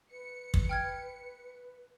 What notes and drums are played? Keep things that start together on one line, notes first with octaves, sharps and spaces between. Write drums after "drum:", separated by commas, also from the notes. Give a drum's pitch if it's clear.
B4 C#7
drum: kick
G5 F6 G#6